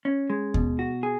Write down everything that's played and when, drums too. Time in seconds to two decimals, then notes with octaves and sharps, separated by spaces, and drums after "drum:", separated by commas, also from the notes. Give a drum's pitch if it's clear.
0.05 C#4
0.30 G#3
0.54 B2, drum: kick D#2
0.79 F#4
1.03 G#4